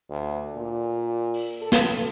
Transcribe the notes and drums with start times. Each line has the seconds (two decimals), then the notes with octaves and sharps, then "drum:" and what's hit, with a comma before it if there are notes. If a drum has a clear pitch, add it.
0.10 D2
0.56 A#2
1.34 drum: open hi-hat
1.62 A4
1.72 drum: snare